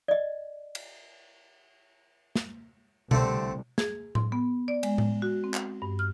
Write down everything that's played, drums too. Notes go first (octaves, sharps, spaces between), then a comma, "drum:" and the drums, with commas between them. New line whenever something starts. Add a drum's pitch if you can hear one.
D5 D#5
drum: cymbal
drum: snare
C2 D3 A3 C4, drum: tom B2
G#4, drum: snare
C6, drum: tom A2
B3
D5
G#3, drum: cymbal
drum: tom A2
F#4
C4
drum: clap
G2
F6